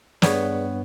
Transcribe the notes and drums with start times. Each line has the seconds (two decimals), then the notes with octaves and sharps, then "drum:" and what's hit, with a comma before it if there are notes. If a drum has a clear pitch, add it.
0.22 G2 B3 G#4 C#5 D5, drum: snare